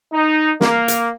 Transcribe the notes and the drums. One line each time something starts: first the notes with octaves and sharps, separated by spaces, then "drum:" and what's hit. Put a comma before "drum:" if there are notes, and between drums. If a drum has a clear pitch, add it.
D#4
A#3, drum: snare
drum: hi-hat